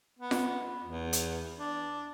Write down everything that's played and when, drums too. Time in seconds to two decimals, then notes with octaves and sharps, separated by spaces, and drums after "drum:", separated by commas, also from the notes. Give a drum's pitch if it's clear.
0.19 B3
0.31 drum: snare F4
0.84 E2
1.13 drum: hi-hat
1.59 D4